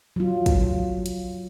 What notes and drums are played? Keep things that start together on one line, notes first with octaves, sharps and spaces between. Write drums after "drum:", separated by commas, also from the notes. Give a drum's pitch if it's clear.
F#3 F4
drum: kick, hi-hat
drum: hi-hat